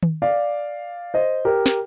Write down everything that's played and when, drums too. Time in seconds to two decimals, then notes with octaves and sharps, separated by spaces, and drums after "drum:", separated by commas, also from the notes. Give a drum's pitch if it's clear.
0.03 drum: tom D#3
0.22 D5 F5
1.14 C5 D#5
1.45 G4 A#4
1.66 drum: snare